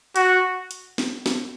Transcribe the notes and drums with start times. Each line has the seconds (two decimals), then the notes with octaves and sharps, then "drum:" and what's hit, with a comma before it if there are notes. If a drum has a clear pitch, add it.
0.16 F#4, drum: hi-hat
0.71 drum: hi-hat
0.98 drum: snare
1.26 drum: snare